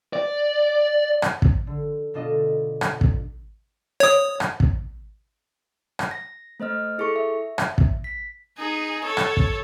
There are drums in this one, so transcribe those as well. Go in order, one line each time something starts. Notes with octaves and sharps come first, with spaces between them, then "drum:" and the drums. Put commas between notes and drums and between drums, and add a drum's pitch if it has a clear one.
D5
drum: rim click
drum: kick
D3
B2 D4 F4 A4 D#5
drum: rim click
drum: kick
C#5 D#6
drum: rim click
drum: kick
drum: rim click
A#6
A3 C5 D#5 F6
E4 G#4 A4 C#6 C#7
E5
drum: rim click
drum: kick
B6
D#4 G#4
A4 C#5
drum: rim click
drum: kick